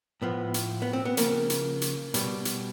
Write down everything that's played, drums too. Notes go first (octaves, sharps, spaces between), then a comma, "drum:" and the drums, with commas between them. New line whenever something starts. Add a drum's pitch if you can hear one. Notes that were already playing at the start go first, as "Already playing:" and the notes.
A2 F3 B3
drum: hi-hat
B3
C4
B3
C#3 F3 A#3, drum: hi-hat
drum: hi-hat
drum: hi-hat
B2 G3, drum: hi-hat
drum: hi-hat